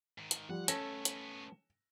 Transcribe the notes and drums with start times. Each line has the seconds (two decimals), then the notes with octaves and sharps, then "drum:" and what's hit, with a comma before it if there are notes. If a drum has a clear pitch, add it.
0.18 G#2 D#3
0.31 drum: hi-hat
0.49 F3 G3 F#5
0.68 A3 B3 C#4 A4 A#6, drum: hi-hat
1.05 drum: hi-hat